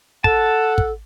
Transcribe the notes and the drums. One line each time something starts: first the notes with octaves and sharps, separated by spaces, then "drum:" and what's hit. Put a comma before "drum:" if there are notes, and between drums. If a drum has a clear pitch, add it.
A4 F#5 A5, drum: kick
drum: kick